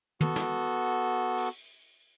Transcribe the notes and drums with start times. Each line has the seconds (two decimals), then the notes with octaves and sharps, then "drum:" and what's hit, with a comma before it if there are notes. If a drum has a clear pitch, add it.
0.21 B3 F#4 A4, drum: tom
0.36 drum: snare
1.37 drum: open hi-hat